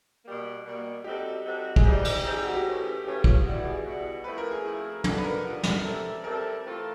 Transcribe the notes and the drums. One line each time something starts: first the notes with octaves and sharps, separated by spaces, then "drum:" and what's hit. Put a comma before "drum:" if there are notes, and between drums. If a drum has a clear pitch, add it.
B2 G3 A#3
B2 G3 A#3
G3 C4 D#4 F#4 G4 A4
G3 C4 D#4 F#4 A4
G#4, drum: kick
E3 G3 C4 D#4 G4
G4, drum: cymbal
E3 G3 C4 D#4 G#4
G4
F#4
G4
C#3 E3 A3 C#4
C#3 E3 A3 C#4 G4
F4, drum: kick
B2 G3 B3 E4 F#4
G#4
B2 G3 B3 E4
F3 A3 C4 E4 B4
A#4
G#4
F3 A3 C4 E4
B2 G3 B3 D4 F4 A4, drum: tom
B4
A#4
B2 G3 B3 D4 F4
drum: snare
G3 C4 E4 A4
G3 C4 E4 A4 A#4
E3 A3 C4 F4 A4